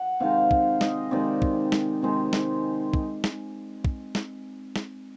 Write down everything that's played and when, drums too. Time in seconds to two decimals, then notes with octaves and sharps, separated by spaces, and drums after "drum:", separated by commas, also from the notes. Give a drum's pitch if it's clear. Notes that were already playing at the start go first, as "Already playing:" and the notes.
Already playing: F#5
0.20 C3 D#3 G#3 F5
0.51 drum: kick
0.81 D#5, drum: snare
1.11 C3 D#3 G#3 D5
1.42 drum: kick
1.72 drum: snare
2.02 C3 D#3 G#3
2.33 drum: snare
2.94 drum: kick
3.24 drum: snare
3.85 drum: kick
4.15 drum: snare
4.76 drum: snare